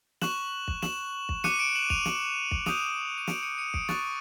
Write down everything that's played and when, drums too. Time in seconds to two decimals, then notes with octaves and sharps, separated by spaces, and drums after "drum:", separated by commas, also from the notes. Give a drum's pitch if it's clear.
0.21 C#6 F#6 E7 F#7, drum: snare
0.68 drum: kick
0.82 E7 F#7, drum: snare
1.29 drum: kick
1.44 D6 F#6 C#7 D#7, drum: snare
1.59 D7 E7
1.75 E7 F#7
1.90 D#7 F7, drum: kick
2.05 drum: snare
2.51 drum: kick
2.66 D#6 G6 D#7 F7, drum: snare
3.18 D#7
3.27 D7 E7, drum: snare
3.43 C#7 D#7
3.58 C#7 D#7
3.74 C7 D7, drum: kick
3.89 C#6 F#6 A6, drum: snare